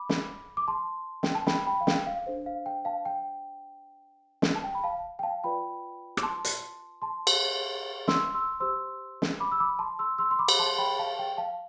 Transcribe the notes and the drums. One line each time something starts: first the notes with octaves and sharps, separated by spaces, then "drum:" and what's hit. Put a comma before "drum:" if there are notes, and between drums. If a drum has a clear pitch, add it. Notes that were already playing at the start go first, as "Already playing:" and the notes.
Already playing: B5 D6
drum: snare
D6
A5 C6
G5, drum: snare
A5
G5 B5, drum: snare
G5 B5
F5
G5, drum: snare
F5
D4 A4 C5
F5
G5
F5 A5
G5
drum: snare
A5
G5
B5
F5 A5
G5
F5 A5
F4 B4 D5 G5 B5
D6, drum: rim click
A5 C6
drum: hi-hat
A5 C6
drum: cymbal
C6 E6, drum: snare
C6 E6
G4 C5 C6 E6
drum: snare
B5 D6
E6
B5 D6
A5 C6
C6 E6
C6 E6
C6
B5 D6
drum: cymbal
A5 C6
G5 B5
F5 A5
G5
F5 A5